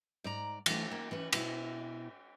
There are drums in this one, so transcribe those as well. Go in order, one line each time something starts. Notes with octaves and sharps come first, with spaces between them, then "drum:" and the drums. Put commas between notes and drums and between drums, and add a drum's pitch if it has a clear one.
G#2 D5 A#5
E3 A3, drum: cymbal
A#3
E3 C#4 B4
B2 E4, drum: cymbal